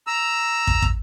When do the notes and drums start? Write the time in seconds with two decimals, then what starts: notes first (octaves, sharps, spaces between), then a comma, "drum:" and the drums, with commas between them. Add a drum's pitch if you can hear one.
0.07 A#5 E6
0.67 drum: kick
0.82 drum: kick